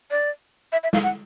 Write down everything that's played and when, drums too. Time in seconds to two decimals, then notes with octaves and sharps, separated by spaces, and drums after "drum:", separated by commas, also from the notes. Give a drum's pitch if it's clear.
0.11 D5
0.72 E5
0.83 E5
0.93 F5, drum: snare
1.03 F#5